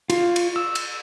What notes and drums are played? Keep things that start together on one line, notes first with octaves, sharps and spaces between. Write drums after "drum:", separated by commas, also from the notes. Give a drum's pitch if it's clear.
F4, drum: cymbal
drum: cymbal
E6
drum: cymbal